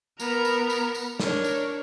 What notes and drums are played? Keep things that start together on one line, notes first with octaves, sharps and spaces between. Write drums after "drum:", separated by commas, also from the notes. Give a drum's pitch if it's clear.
B3 A#4 A#5, drum: tambourine
drum: tambourine
drum: tambourine
drum: tambourine
D4 A#4 C#5, drum: snare
drum: tambourine